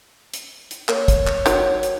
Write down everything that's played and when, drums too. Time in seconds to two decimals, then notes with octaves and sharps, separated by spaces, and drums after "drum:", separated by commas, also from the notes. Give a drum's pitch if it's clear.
0.34 drum: hi-hat
0.71 drum: hi-hat
0.89 A#3 C#5, drum: clap
1.08 drum: kick, hi-hat
1.27 drum: clap
1.46 D#3 F#3, drum: hi-hat
1.83 drum: hi-hat